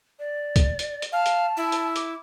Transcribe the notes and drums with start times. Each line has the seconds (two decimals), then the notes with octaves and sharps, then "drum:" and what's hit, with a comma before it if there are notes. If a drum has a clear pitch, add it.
0.19 D5
0.56 drum: kick, hi-hat
0.79 drum: hi-hat
1.02 drum: hi-hat
1.12 F5 A5
1.26 drum: hi-hat
1.57 E4
1.72 drum: hi-hat
1.96 D6, drum: hi-hat